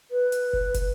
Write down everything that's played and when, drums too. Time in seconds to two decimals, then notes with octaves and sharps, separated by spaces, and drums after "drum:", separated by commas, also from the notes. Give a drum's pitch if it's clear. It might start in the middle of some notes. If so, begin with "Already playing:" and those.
0.11 B4
0.32 drum: hi-hat
0.53 drum: kick
0.74 drum: kick, hi-hat